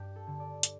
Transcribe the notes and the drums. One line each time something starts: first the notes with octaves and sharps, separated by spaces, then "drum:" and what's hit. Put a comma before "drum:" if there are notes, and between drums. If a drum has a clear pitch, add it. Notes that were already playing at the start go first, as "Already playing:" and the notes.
Already playing: G2 G4
A4
D3
D5
drum: hi-hat